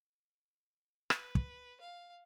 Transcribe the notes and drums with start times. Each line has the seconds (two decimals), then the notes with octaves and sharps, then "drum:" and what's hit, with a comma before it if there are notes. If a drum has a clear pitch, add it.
1.10 B4, drum: rim click
1.35 drum: kick
1.81 F5